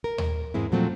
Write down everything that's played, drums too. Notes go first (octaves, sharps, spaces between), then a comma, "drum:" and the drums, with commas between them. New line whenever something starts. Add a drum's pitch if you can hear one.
A#4
drum: tom D#2
E2 G#2 G#3 C4 E4
A#2 F3 F#3 A3 C4